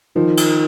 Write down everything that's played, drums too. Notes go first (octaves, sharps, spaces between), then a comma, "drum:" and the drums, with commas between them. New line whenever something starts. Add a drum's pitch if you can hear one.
D#3 F3
drum: cymbal